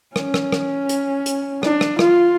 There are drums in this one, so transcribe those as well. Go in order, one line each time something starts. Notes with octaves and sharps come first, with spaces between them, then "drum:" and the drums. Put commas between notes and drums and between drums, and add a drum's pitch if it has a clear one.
C#4, drum: rim click
drum: rim click
drum: rim click
drum: hi-hat
drum: hi-hat
D4, drum: rim click
drum: rim click
F4, drum: rim click